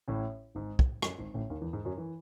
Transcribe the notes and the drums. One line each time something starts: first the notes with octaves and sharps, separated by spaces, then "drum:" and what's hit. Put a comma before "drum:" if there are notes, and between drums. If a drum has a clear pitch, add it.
A1 A2
G#1 G#2
drum: kick
F#2, drum: rim click
G#1 G#2
A1 A2
D#2 D#3
E2 E3
G#2 G#3
F#2 F#3
E3